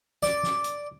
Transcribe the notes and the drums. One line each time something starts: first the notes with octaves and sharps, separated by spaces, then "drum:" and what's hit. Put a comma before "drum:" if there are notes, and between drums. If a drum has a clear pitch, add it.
D5, drum: snare
drum: snare
drum: hi-hat